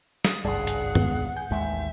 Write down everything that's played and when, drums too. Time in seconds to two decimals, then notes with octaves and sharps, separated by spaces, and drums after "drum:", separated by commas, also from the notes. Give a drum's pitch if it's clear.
0.25 D#6, drum: snare
0.45 G#1 C#2 G2 G#4 D5 F#5 G#5 A5
0.67 drum: hi-hat
0.95 E2 G#3 B3, drum: tom
1.36 G#5 G6
1.51 A1 D#2 G#3 E5